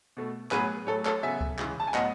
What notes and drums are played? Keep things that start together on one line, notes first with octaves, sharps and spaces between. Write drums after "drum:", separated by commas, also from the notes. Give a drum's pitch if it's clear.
B2 A3
A2 F#3 B3 G#4 B4, drum: clap
A2 F#3 A3 A4 C#5
A4 C#5, drum: clap
C#3 F#3 B3 E5 G#5
drum: kick C#2
C#3 E3 G#3, drum: clap
A5
G#5
A2 F#3 B3 D#5 F#5, drum: clap